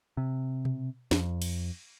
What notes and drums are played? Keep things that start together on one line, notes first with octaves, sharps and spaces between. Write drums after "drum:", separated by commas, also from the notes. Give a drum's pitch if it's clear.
C3
drum: tom B2
F2, drum: snare
drum: cymbal